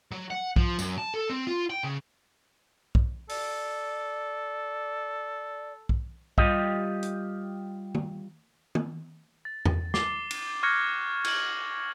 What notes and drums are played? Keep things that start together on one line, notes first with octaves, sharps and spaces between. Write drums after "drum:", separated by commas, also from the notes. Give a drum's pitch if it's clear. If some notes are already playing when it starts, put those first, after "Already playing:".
F#3
F#5
F3, drum: kick B1
F#2, drum: tambourine
A5
A4
C4
F4
G5
C#3
drum: kick B1
A4 D5, drum: open hi-hat
drum: kick B1
G3 F4 G4 D#5, drum: kick B1
drum: hi-hat
drum: tom
drum: tom
A6
drum: tom E2
D6 A6 C7 G7, drum: snare
drum: cymbal
C#6 F6 F#6 G#6 A#6 C#7
G#6 C#7 F#7, drum: cymbal